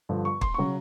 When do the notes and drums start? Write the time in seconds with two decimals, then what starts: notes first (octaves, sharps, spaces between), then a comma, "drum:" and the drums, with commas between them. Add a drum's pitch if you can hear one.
0.09 G2 D3 F3
0.25 C#6
0.41 C6, drum: kick
0.54 C#3 F#3 C#6